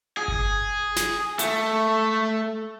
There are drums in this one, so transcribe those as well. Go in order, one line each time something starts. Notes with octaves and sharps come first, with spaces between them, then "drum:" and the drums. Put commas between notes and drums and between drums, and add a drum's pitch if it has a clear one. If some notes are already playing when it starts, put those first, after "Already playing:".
G#4
drum: kick G1
drum: snare
A3, drum: hi-hat